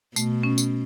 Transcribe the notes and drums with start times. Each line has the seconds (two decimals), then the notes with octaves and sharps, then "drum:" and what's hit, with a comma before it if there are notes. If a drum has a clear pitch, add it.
0.16 B2 A3, drum: tambourine
0.43 C#4
0.58 drum: tambourine